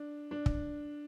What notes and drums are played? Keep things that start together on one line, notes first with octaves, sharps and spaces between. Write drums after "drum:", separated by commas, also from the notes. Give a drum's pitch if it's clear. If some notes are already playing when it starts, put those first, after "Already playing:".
Already playing: D4
D4
drum: kick